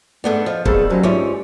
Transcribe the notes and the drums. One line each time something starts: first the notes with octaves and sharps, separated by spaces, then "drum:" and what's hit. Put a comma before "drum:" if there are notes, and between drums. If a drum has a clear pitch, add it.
G#2 A3 B3 D4 A4
F3 D#5
G2 D#3 A3 B3 G#4 A4 C5, drum: kick
F#3 C#4 C5
G#2 C#4 D#4 F4 D5 E5